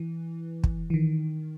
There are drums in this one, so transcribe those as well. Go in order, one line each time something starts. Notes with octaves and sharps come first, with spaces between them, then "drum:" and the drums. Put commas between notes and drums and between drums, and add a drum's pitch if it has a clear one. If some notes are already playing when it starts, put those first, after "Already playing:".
Already playing: E3
drum: kick
E3
D#3